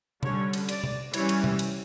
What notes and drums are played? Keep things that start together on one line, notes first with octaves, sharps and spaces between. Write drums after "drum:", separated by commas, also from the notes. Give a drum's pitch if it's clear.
D3 G3 C#4 C#5, drum: tom C3
drum: cymbal
D5, drum: cymbal
drum: tom C3
E3 G3 C#4 C#5, drum: cymbal
drum: cymbal
drum: tom C3
drum: cymbal